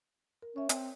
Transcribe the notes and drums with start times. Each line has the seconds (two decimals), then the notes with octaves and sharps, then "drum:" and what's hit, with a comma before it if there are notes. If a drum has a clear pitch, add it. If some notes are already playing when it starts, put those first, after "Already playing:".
0.42 A#4
0.56 C#4 C#5 E5
0.69 C4, drum: hi-hat